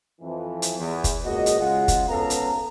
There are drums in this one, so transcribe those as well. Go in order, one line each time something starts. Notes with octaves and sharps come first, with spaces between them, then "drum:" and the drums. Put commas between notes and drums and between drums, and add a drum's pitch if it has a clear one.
F2 E3
drum: hi-hat
E2
drum: kick, hi-hat
C#2 A#2 F#4 G#4 D#5
drum: hi-hat
C#3 G#3 F4 F#5
drum: kick, hi-hat
G#1 B3 C#4 A4 F5 A#5
drum: hi-hat